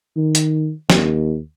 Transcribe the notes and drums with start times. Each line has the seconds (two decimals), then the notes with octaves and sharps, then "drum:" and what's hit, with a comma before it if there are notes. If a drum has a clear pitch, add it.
0.16 D#3
0.35 drum: hi-hat
0.90 D#2, drum: snare